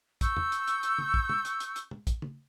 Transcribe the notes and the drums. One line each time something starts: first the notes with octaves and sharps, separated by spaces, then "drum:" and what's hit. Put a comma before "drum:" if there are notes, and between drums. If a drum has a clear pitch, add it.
C#6 E6 G6, drum: kick, hi-hat
drum: tom E2
drum: hi-hat
drum: hi-hat
drum: hi-hat
drum: tom
drum: kick
drum: tom
drum: hi-hat
drum: hi-hat
drum: hi-hat
drum: tom
drum: kick, hi-hat
drum: tom